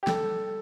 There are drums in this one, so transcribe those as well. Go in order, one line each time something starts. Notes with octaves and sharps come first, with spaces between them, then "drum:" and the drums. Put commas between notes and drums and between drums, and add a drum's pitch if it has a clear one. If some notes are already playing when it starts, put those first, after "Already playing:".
G4
G3 A4, drum: snare